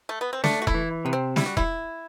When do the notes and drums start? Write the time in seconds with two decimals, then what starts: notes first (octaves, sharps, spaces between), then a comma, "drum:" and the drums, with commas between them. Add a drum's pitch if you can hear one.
0.09 A3
0.21 B3
0.33 C4
0.44 A3 D4, drum: snare
0.62 F#4
0.67 E4, drum: kick E1
0.74 E3
1.05 C3 B3
1.13 C4
1.36 G3 E4, drum: snare
1.46 F#4
1.57 E4, drum: kick E1